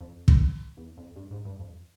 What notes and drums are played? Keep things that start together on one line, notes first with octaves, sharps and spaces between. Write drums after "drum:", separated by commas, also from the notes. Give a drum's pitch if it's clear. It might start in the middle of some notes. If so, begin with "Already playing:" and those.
F2
drum: kick
E2
F2
G2
G#2
G2
F2